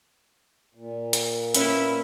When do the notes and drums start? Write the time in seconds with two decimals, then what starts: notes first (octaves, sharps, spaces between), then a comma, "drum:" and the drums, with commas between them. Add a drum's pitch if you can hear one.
0.75 A#2
1.13 drum: hi-hat
1.54 C#4 E4 B4 C#5, drum: hi-hat